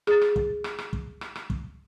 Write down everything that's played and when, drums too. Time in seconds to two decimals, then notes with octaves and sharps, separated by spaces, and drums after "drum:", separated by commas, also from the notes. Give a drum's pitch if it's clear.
0.07 G#4 A6, drum: rim click
0.21 drum: rim click
0.36 drum: kick
0.64 drum: rim click
0.78 drum: rim click
0.93 drum: kick
1.21 drum: rim click
1.35 drum: rim click
1.50 drum: kick